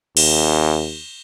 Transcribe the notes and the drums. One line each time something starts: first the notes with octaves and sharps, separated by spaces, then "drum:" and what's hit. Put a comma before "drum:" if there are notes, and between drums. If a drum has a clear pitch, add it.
D#2, drum: cymbal